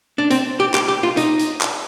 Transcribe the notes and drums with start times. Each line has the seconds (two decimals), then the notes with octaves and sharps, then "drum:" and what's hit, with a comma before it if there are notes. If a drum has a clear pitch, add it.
0.18 D4
0.30 C4, drum: hi-hat
0.60 G4
0.74 G4, drum: clap
0.88 G4
1.03 F4
1.17 D#4, drum: hi-hat
1.39 drum: hi-hat
1.61 drum: clap